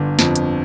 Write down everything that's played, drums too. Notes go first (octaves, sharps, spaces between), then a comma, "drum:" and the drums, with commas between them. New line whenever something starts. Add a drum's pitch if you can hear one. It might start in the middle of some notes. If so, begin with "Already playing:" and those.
Already playing: G1 D3
F2, drum: snare
drum: hi-hat